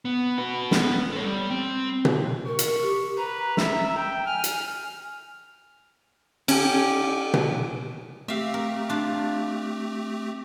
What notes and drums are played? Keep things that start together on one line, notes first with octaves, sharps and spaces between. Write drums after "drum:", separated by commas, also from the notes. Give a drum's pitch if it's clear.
B3
F#4 B4
B3, drum: snare
A4 C#5
G3
C4
drum: tom B2
A#4 C#6
drum: hi-hat
G4
B4 A#5
E5, drum: snare
G5
G#5 F6
drum: hi-hat
C#4 G4, drum: cymbal
drum: tom B2
A3 C4 G4 E5 F5
A#4
D4 F4